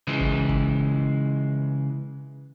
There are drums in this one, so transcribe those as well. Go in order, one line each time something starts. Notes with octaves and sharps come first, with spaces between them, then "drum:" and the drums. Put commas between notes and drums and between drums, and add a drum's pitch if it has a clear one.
C#3 E3 G#3
drum: kick F#1
drum: kick F#1